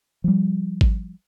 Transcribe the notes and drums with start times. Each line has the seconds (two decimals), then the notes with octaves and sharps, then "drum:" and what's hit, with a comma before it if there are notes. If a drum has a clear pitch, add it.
0.24 F3 G3
0.81 drum: kick G#1